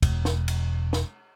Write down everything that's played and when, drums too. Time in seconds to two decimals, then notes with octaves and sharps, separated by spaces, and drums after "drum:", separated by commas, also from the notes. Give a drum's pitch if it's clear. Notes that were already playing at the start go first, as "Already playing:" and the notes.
0.03 E1, drum: kick, cymbal
0.25 drum: snare
0.48 drum: cymbal
0.93 drum: snare